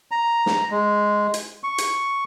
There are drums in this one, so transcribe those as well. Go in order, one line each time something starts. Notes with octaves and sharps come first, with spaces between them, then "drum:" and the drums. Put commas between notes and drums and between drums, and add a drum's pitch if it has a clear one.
A#5
drum: snare
G#3
drum: hi-hat
C#6
drum: hi-hat